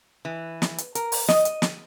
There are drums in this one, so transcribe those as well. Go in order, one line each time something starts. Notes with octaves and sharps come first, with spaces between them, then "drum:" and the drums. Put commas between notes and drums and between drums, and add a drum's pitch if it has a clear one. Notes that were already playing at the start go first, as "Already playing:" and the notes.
E3
drum: snare
drum: hi-hat
A#4, drum: hi-hat
drum: open hi-hat
D#5, drum: snare
drum: hi-hat
drum: snare